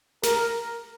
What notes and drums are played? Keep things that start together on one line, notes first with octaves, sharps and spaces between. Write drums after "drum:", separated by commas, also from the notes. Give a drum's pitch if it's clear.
A#4, drum: snare